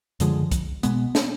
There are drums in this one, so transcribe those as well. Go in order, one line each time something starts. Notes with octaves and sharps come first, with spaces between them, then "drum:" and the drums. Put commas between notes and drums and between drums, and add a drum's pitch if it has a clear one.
F#2 D3 F3 G#3, drum: hi-hat
drum: kick, hi-hat
B2 G#3 B3, drum: hi-hat
drum: snare